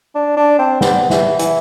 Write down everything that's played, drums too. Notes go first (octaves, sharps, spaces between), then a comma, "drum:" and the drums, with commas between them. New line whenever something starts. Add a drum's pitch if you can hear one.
D4
D4
C4
B3, drum: snare
E3, drum: snare
E3, drum: hi-hat